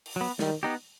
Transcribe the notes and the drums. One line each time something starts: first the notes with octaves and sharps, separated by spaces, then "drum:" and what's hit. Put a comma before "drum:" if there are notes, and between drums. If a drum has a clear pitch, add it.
drum: open hi-hat
F#3 B3
D#3 G3, drum: snare
B3 D#4 G4